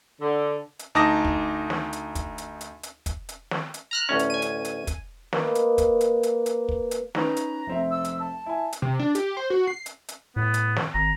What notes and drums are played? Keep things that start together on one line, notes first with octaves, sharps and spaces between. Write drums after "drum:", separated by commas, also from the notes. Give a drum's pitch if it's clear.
D3
drum: hi-hat
D2 D#4 A5 D6 D#6 A#6
drum: kick
drum: snare
drum: hi-hat
drum: kick, hi-hat
drum: hi-hat
drum: hi-hat
drum: hi-hat
drum: kick, hi-hat
drum: hi-hat
drum: snare
drum: hi-hat
A#5 F6 F#6
A1 D2 C#4
drum: hi-hat
G#5 D#7
drum: hi-hat
drum: hi-hat
drum: kick, hi-hat
A#3 B4 D#5, drum: snare
drum: hi-hat
drum: kick, hi-hat
drum: hi-hat
drum: hi-hat
drum: hi-hat
drum: kick
drum: hi-hat
C#4 D#4 B4 A#5, drum: snare
drum: hi-hat
F1 C4 E5
E6
drum: hi-hat
A5
E4 G#5
drum: hi-hat
C3
D4
G4, drum: hi-hat
C5
F#4
C7
drum: hi-hat
drum: hi-hat
A2 B3
drum: hi-hat
drum: snare
G#1 A#5